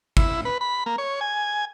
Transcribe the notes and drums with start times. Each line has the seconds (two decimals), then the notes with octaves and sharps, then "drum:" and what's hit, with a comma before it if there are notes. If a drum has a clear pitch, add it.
0.17 E4, drum: kick
0.45 B4
0.61 B5
0.86 A#3
0.98 C#5
1.21 G#5